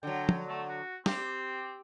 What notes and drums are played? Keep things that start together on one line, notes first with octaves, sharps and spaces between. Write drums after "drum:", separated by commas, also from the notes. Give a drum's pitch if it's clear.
D3 F#3 G5
drum: tom
A3
F#4
C4 G4, drum: snare